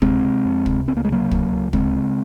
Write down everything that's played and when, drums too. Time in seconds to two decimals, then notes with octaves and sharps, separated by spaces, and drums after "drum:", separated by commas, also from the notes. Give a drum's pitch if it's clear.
0.02 C3 G#3 C4, drum: kick
0.24 C3
0.45 F2
0.66 C3, drum: kick
0.87 C#2 C4
0.97 A#3
1.05 G#3
1.10 C3 F#3 A#3
1.32 C#2, drum: kick
1.52 C#2
1.73 C#3 G#3 C4, drum: kick
1.95 C#3